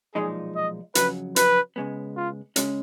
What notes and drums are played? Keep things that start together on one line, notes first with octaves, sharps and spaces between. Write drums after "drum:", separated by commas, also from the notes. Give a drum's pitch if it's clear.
B1 A#2 F3 G#3 D#4 G#4
D#5
F2 C#3 F#3 B4, drum: hi-hat
B4, drum: hi-hat
C#2 C#3 G#3 B3
F4
C#3 G#3 C#4, drum: hi-hat